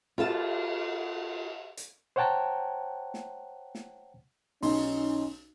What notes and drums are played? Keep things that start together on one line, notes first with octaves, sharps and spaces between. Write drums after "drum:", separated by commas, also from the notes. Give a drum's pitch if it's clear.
F4 A4 A5, drum: cymbal
drum: hi-hat
C5 C#5 F#5 G5 A5 A#5
drum: snare
drum: snare
B1 C#4 D#4 C6, drum: open hi-hat